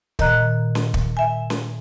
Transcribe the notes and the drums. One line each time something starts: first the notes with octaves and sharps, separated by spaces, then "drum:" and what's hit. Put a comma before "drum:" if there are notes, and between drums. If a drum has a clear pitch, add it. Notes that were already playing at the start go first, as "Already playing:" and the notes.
A#2 D#3 D#5 A#5 F#6, drum: kick
drum: snare C#4
drum: kick
E5 G#5
drum: snare C#4